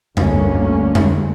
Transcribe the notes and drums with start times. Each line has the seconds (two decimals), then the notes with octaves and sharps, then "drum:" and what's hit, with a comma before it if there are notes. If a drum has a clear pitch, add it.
0.17 G1 D2 D3 A#3 C#4, drum: tom
0.95 drum: tom